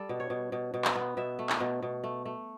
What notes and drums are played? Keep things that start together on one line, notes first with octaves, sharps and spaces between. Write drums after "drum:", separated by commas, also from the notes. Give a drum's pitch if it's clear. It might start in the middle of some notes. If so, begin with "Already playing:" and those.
Already playing: G3 A4
B2
C#5
B2
B2
B2
drum: clap
B3
B2 E5
A3
drum: clap
B2
B2
A3
A3